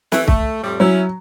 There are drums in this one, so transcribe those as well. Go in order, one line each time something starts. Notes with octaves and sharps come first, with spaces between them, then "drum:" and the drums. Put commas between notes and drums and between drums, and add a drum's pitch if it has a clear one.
E3 A3, drum: snare
A3, drum: kick
F2 A2 G3
F#3 C#4 E4